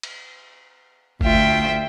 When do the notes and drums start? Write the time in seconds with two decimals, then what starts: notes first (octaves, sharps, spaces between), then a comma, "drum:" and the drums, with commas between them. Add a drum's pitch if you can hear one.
0.03 drum: cymbal
1.21 D2 A3 F4 E5 G5, drum: kick G1